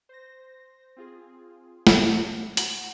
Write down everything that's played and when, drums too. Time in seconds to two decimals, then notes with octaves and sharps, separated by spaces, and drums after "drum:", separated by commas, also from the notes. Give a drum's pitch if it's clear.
0.09 C5 A#6
0.97 C4 F4 G#4
1.87 drum: snare
2.57 F#4 F#5, drum: hi-hat